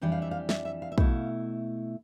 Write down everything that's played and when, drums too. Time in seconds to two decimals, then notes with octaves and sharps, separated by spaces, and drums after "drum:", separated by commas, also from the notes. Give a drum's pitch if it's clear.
0.01 F2 E3 G3 D4 G5
0.12 F5
0.22 E5
0.31 F5
0.49 E5, drum: snare
0.65 E5
0.82 F5
0.92 E5
0.98 B2 A3 E4 F5, drum: kick